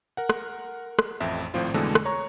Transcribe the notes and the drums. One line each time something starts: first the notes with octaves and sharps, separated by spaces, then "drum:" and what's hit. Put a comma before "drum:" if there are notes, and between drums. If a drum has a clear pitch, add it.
A#4 F#5
drum: rim click
drum: rim click
A1 F2 E5
G#1 A2 F3 C4 F4
F2 B2 D3 E3 G#3 A3
drum: rim click
C#5 A#5 C#6